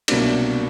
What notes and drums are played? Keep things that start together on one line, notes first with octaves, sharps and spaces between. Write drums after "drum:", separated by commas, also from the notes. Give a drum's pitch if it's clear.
C2 B2 F#3 A#3 D4, drum: cymbal